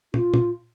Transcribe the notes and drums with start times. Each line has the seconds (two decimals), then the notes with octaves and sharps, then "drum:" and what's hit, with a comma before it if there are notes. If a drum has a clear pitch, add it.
0.14 F4, drum: tom
0.34 drum: tom